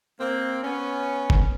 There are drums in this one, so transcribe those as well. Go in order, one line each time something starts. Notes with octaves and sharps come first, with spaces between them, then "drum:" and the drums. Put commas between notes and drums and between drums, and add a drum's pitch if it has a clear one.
A#3 C4
B3 C#4
drum: kick